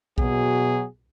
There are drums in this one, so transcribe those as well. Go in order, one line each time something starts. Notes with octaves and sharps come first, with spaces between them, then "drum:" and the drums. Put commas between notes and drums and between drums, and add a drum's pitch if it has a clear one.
B2 F#3 G#4, drum: kick A#1